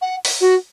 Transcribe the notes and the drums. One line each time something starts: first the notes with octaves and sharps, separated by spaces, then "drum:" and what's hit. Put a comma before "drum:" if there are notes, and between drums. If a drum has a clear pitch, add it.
F#5
drum: open hi-hat
F#4